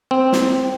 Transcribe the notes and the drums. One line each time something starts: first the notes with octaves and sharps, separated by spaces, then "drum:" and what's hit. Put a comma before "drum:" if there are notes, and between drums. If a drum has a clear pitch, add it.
C4
drum: snare